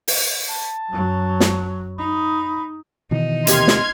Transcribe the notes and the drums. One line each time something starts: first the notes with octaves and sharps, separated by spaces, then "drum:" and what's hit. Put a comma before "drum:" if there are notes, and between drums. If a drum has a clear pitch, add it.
drum: open hi-hat
A5
F#2 F#3
drum: snare
D#4 B5
B2 D#3 E3 D#4
D#2 C3 G4 C6 F6 G#6, drum: hi-hat
drum: snare